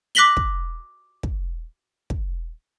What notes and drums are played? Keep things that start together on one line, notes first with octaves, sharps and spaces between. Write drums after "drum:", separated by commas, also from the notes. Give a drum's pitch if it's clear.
D6 F#6 A#6 B6 F#7 G7
drum: kick
drum: kick
drum: kick